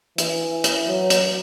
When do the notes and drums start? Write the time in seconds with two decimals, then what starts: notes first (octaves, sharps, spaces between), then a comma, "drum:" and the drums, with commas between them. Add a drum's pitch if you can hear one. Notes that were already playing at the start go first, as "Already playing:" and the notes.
0.18 E3, drum: hi-hat
0.64 drum: hi-hat
0.88 F#3
1.10 drum: hi-hat